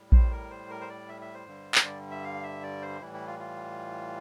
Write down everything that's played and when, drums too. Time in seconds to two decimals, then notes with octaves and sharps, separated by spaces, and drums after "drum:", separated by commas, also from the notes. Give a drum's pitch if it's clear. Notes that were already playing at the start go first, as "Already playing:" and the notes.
Already playing: A2 G3
0.12 C5, drum: kick A#1
0.32 A#4
0.51 C5
0.70 A#4
0.81 C5
0.89 D5
1.09 E5
1.21 E5
1.34 C5
1.47 G2 D3 G3
1.75 drum: clap
1.85 D5
2.11 E5
2.24 F5
2.43 E5
2.63 D5
2.82 C5
3.01 A2 E3 G3 E4
3.14 E4
3.27 F4
3.40 F4